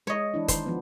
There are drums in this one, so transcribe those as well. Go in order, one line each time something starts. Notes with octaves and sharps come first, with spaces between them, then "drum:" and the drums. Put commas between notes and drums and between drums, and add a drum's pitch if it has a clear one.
G#3 C#5 D#5
E3 D4 E4
D#3 C5, drum: kick, hi-hat
F3 B3